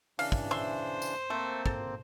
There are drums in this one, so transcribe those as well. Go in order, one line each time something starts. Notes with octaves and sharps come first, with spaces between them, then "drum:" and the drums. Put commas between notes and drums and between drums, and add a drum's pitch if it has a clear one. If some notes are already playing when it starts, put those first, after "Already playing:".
C#3 E3 D4 F5, drum: open hi-hat
drum: kick
C5 E5 C6
drum: tambourine
A3 A#3 C4
A4, drum: kick